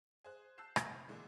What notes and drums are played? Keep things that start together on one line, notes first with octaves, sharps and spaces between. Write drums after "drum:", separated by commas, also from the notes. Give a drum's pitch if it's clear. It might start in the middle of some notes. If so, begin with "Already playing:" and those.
G#4 C5 F#6
A5 E6 F#6 G6 C7 E7
F1, drum: rim click
A#2 D3 E3 G#3